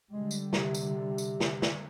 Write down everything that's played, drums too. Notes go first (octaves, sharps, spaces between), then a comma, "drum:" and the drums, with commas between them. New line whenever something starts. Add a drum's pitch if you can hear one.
D3 G3 G#3
drum: tambourine
C3, drum: snare
drum: tambourine
drum: tambourine
drum: snare
drum: snare